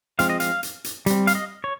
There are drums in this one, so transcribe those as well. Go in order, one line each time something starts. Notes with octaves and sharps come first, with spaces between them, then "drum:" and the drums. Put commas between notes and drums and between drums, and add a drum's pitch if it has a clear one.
F3 G#3 C4 F5, drum: hi-hat
D#5
F5, drum: hi-hat
drum: hi-hat
drum: hi-hat
G3 C4, drum: hi-hat
F5, drum: hi-hat
D#5
C#5